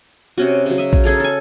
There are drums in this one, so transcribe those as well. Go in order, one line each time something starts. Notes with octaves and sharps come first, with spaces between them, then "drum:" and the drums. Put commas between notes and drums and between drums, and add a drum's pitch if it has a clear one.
C3 C#4 F#4
C#3 F#3
D#5 E5
drum: kick A#1
C#4 G#4 A4 A#5
A4 G#5